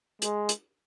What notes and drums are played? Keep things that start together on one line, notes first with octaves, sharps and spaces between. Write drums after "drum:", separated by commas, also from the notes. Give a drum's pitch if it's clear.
G#3, drum: hi-hat
drum: hi-hat